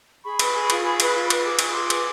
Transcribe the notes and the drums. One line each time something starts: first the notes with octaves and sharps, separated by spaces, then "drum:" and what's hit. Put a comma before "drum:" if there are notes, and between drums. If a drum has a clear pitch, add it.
G#4 B5 C#6
B4, drum: cymbal
G#4
F4, drum: cymbal
G#4
B4, drum: cymbal
F4
B4, drum: cymbal
G#4 D6
F4 C#6, drum: cymbal
G#4 C6 D6
B4, drum: cymbal